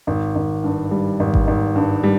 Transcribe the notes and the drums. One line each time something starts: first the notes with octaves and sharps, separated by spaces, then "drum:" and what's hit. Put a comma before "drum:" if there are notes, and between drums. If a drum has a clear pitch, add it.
G#1
G#1
G2
G3
G#1
drum: kick G#1
G#1
G2
G3